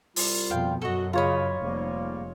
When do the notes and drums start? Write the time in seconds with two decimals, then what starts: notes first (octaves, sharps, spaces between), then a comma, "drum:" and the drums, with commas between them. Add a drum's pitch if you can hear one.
0.16 C2 G3 F4, drum: open hi-hat
0.50 F2 B2 F5 G5
0.82 F#2 F#4 A4 D#5
1.13 C#3 F4 C#5 D#5 A#5 B5
1.62 F1 G#2 G3 A#3